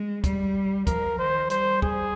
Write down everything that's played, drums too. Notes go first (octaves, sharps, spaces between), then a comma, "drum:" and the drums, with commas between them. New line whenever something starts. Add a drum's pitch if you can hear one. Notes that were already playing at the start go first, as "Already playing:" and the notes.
Already playing: G#3
G3, drum: kick, hi-hat
F3 A#4, drum: kick, hi-hat
D#3 C5
G3 C5, drum: hi-hat
G#4, drum: kick